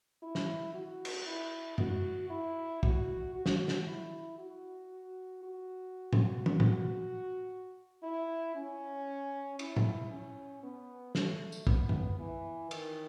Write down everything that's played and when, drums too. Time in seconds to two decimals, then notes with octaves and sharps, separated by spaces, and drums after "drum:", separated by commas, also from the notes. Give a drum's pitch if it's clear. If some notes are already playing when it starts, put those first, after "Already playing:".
0.22 E4
0.35 drum: snare
0.74 F#4
1.05 drum: cymbal
1.26 E4
1.78 F#4, drum: tom F#2
2.30 E4
2.83 F#4, drum: kick
3.34 F#4
3.46 drum: snare
3.68 drum: snare
3.86 E4
4.38 F#4
5.43 F#4
6.13 drum: tom A2
6.46 F#4, drum: tom
6.60 drum: tom A2
8.03 E4
8.55 C#4
9.59 E4, drum: cymbal
9.76 drum: tom A2
10.10 C#4
10.63 B3
11.15 A3, drum: snare
11.52 drum: tambourine
11.67 B3, drum: kick
11.89 drum: tom F#2
12.19 E3
12.71 D#3, drum: cymbal